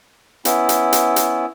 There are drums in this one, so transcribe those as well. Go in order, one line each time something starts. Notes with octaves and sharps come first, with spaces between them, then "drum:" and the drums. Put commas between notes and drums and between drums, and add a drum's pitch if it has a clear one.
B3 C#4 E4, drum: hi-hat
drum: hi-hat
drum: hi-hat
drum: hi-hat